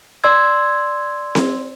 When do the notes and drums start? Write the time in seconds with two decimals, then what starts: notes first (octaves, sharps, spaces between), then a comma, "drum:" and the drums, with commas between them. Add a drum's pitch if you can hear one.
0.24 D5 C6 E6 G#6
1.35 drum: snare C4